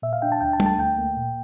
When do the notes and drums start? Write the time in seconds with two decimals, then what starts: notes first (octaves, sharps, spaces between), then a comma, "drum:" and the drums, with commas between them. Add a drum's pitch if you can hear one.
0.02 A#2 E5
0.13 F5
0.22 D4 G5
0.32 A5
0.41 D2 G5
0.53 A5
0.60 A3, drum: tom G3
0.66 A5
0.79 D2 G5
0.98 A#3
1.17 A#2